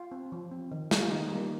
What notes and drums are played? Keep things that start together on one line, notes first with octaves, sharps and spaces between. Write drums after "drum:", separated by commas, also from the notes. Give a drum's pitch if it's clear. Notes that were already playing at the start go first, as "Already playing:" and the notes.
Already playing: F4
C4
F3
C4
D#3
G3 A#3, drum: snare
F4
D#3 D#4
G3 A#3